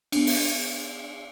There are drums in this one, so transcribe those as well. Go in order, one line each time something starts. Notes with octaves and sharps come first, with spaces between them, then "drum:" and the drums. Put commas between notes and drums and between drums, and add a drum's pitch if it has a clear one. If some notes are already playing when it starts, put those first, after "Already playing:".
B3 D4, drum: cymbal
drum: open hi-hat